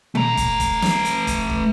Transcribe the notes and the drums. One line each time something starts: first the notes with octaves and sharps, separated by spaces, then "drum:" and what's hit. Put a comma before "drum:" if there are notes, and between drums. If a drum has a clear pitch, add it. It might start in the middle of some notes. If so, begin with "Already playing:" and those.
A3 A#5, drum: tom A#2
drum: kick, hi-hat
drum: kick, hi-hat
drum: snare
drum: hi-hat
drum: kick, hi-hat
drum: kick